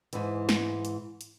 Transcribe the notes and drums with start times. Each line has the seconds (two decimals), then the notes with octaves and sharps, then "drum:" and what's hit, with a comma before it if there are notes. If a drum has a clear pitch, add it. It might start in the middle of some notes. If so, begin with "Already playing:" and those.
0.13 G#2 E3, drum: hi-hat
0.49 drum: snare
0.85 drum: hi-hat
1.21 drum: hi-hat